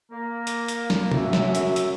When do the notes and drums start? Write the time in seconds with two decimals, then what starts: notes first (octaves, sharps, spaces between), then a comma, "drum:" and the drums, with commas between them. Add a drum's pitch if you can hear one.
0.11 A#3 A#5
0.47 drum: hi-hat
0.68 drum: hi-hat
0.90 drum: snare
1.12 F#2 F#4 E5, drum: tom
1.33 drum: snare
1.55 drum: hi-hat
1.76 drum: hi-hat